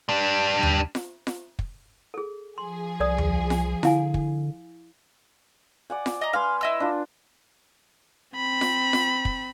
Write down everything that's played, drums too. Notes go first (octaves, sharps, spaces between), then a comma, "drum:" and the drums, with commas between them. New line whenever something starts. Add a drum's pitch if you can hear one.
G3 D4
drum: tom D#2
drum: snare F4
drum: snare F4
drum: kick
G#4 A4
F3 G#4 C6
C2 A4 D5 D#6
drum: tom D#2
drum: snare F4
D3 E4 F5 G#5, drum: snare F4
drum: kick
D5 F#5 G#5
drum: snare F4
D#5 A#5
B4 F5 G#5 C6
E4 D#5 E6
D4 F4
C4 B5
drum: snare F4
drum: snare F4
drum: kick